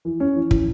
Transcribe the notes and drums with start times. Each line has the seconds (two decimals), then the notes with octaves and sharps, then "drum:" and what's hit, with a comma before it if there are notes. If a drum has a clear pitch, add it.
0.05 E3
0.20 C#4
0.36 E3
0.51 E3, drum: kick